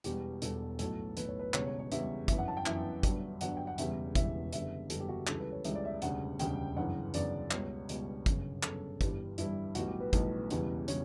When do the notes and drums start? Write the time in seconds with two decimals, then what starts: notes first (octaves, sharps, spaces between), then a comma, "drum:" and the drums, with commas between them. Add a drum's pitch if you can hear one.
0.04 E1 E2 B2 G3 G4, drum: hi-hat
0.42 E1 E2 B2 G3 A4, drum: hi-hat
0.79 B1 A2 F#3 A4, drum: hi-hat
1.17 B1 A2 F#3 B4, drum: hi-hat
1.28 C#5
1.39 B4
1.54 E1 E2 C#3 G3 C#5, drum: clap
1.67 C#5
1.79 C#5
1.92 E1 E2 C#3 G3 E5, drum: hi-hat
2.28 G1 F#2 E3 E5, drum: kick, hi-hat
2.38 F#5
2.48 A5
2.57 G5
2.66 G1 F#2 E3 E5, drum: clap
3.03 G1 G2 F#3, drum: kick, hi-hat
3.41 G1 G2 F#3 F#5, drum: hi-hat
3.57 G5
3.67 F#5
3.78 E1 E2 C#3 E3 G3 E5, drum: hi-hat
4.15 E1 E2 C#3 E3 G3 E5, drum: kick, hi-hat
4.53 F#1 E2 D3 G3 E5, drum: hi-hat
4.90 F#1 E2 D3 G3 A4, drum: hi-hat
5.00 G4
5.09 F#4
5.27 C#2 C#3 E3 G3 A4, drum: clap
5.40 B4
5.52 C#5
5.64 C#2 C#3 E3 G3 E5, drum: hi-hat
5.75 D5
5.85 E5
6.02 E1 D2 C#3 G3 F#5, drum: hi-hat
6.39 E1 D2 C#3 G3 G5, drum: hi-hat
6.76 G1 F#2 C#3 E3 F#5
7.14 G1 F#2 C#3 E3 D5, drum: hi-hat
7.51 C#2 B2 G3 C#5, drum: clap
7.89 C#2 B2 G3, drum: hi-hat
8.26 G1 F#2 C#3, drum: kick, hi-hat
8.63 G1 F#2 C#3 A4, drum: clap
9.01 G1 G2 E3 G3 G4, drum: kick, hi-hat
9.38 G1 G2 E3 G3 E4, drum: hi-hat
9.75 B1 A2 E3 G3 F#4, drum: hi-hat
9.88 G4
10.00 B4
10.13 B1 A2 E3 G3, drum: kick, hi-hat
10.50 E1 E2 C#3 E3 G3, drum: hi-hat
10.88 C#3 E3 G3 C#5, drum: hi-hat